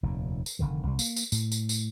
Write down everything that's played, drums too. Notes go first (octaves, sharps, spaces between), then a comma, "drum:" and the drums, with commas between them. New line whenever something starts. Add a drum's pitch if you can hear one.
F1 D#2 A#2
drum: tambourine
F1 C#2 D3 D#3
C2 C3 G3
A#3, drum: tambourine
drum: tambourine
A2, drum: tambourine
drum: tambourine
drum: tambourine